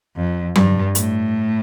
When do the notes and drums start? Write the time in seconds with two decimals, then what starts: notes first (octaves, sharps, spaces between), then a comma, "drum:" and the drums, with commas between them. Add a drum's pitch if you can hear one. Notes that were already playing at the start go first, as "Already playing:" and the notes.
0.17 F2
0.56 G2, drum: tom F#3
0.95 A2, drum: hi-hat